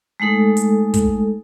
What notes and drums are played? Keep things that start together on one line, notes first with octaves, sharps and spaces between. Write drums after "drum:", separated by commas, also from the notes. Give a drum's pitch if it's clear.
G#3 A3 D#4 A4
drum: hi-hat
drum: kick, hi-hat